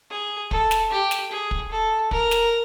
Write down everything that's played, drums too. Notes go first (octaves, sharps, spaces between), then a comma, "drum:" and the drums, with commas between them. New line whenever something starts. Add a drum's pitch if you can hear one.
G#4
A4, drum: kick
drum: snare
G4
drum: snare
G#4
drum: kick
A4
A#4, drum: kick
drum: snare